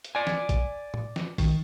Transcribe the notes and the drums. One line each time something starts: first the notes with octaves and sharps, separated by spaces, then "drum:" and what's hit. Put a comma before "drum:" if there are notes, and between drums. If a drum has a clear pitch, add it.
drum: hi-hat
D5 G#5
drum: snare
drum: kick A1, hi-hat
drum: tom
drum: snare
D#3, drum: kick A1, open hi-hat